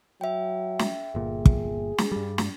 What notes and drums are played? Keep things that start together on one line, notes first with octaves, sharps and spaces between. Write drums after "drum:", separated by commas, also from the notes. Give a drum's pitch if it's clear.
F#3 E5 G5
drum: snare
G1 A#2 G#4
drum: kick
drum: snare
G2 G3
drum: snare